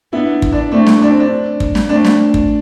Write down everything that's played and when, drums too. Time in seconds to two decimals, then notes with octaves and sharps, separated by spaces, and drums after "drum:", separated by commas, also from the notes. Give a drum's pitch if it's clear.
0.13 B3 D4 E4
0.42 drum: kick
0.53 D4
0.72 A3 C4 D4
0.87 drum: snare
1.02 D4
1.11 C4
1.20 D4
1.60 drum: kick
1.75 drum: snare
1.89 A3 C4 D4
2.05 drum: snare
2.34 drum: kick